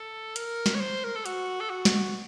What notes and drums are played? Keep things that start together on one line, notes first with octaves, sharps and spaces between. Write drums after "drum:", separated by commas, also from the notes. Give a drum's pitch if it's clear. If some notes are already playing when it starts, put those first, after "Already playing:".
Already playing: A4
A#4, drum: hi-hat
drum: snare
C#5
C5
A#4
A4
F#4, drum: hi-hat
A4
F#4
drum: snare